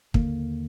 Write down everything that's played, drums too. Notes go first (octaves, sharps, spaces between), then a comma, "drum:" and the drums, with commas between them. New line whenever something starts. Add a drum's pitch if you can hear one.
D#2 D3 A#3, drum: kick